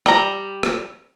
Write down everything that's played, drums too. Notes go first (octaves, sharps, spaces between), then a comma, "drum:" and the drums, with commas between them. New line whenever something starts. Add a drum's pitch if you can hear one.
G3 A#5, drum: rim click
drum: rim click